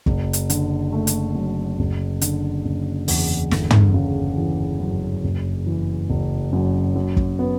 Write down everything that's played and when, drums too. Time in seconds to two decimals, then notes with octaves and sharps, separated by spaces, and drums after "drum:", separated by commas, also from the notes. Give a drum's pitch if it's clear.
0.06 F#1, drum: kick
0.33 drum: hi-hat
0.50 D3, drum: hi-hat
0.92 A3
1.07 drum: hi-hat
1.35 F#2
1.79 F#1
2.21 D3, drum: hi-hat
2.65 F#1
3.08 E2, drum: open hi-hat
3.51 G1, drum: snare
3.70 drum: tom
3.94 C#3
4.37 E3
4.80 F#2
5.24 F#1
5.66 E3
6.10 F#1
6.53 F#2
6.95 F#2
7.17 drum: kick
7.39 B3